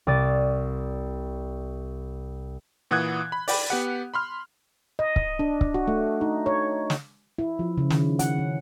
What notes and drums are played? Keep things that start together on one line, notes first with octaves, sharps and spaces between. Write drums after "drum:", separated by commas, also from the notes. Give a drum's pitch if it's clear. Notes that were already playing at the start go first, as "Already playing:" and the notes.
C2 D5 D#6 A6
A#2 E3 F#5 D#6 F#6 G#6
B5
D5 G5 B5, drum: open hi-hat
B3 G4 F#5
B5 C6 F6
D#5
drum: kick C#1
D4
drum: kick C#1
F#4
A3
D#4
C#5
drum: snare
E4
F3
C#3
D#3, drum: snare
F#5, drum: hi-hat
C#4